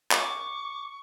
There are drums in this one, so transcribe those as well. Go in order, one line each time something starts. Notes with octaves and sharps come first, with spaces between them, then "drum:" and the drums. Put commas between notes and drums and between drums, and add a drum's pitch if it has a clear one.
C#6 D6, drum: clap